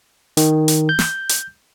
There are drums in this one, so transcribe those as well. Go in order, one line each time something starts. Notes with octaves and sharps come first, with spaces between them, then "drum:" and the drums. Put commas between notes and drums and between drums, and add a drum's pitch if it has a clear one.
D#3, drum: hi-hat
drum: hi-hat
G6
drum: snare
drum: hi-hat